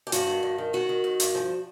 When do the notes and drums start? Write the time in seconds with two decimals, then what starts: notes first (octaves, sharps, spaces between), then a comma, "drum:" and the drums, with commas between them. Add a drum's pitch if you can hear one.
0.07 G4
0.12 G2 F#4, drum: hi-hat
0.27 D#3
0.43 G2
0.58 D#3
0.73 D#3 F#4
0.89 D#3
1.04 D#3
1.20 G2, drum: hi-hat
1.35 F3